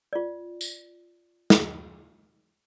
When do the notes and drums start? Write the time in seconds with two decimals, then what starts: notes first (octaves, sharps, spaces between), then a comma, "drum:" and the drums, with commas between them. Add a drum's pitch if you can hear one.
0.13 F4 D5
0.61 drum: tambourine
1.50 drum: snare